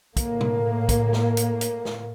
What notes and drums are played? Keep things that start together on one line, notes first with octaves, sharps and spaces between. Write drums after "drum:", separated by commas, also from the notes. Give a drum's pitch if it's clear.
A2 A#3, drum: kick, hi-hat
drum: tom
drum: kick, hi-hat
drum: snare
drum: hi-hat
drum: hi-hat
drum: snare